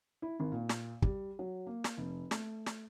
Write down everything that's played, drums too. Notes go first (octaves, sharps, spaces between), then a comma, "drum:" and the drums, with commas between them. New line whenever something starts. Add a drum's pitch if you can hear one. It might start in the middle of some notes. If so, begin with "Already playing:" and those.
E4
G#1
A#2
drum: snare
G3, drum: kick
F#3
A#3
drum: snare
F1
A3, drum: snare
drum: snare